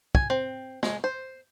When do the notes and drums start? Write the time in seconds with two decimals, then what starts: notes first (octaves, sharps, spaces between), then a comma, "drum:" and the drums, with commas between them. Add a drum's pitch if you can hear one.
0.15 G#5, drum: kick
0.30 C4
0.83 G#3, drum: snare
1.04 C5